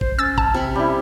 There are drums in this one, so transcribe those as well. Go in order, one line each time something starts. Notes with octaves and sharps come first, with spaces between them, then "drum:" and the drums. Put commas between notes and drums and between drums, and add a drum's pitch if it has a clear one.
C5, drum: kick
C#4 E6 A6
A5, drum: kick
C3 B5
G3 E4